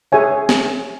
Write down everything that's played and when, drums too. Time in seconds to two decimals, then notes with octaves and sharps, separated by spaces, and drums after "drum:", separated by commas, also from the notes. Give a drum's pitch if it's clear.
0.12 G#4 C#5 E5 G#5
0.49 drum: snare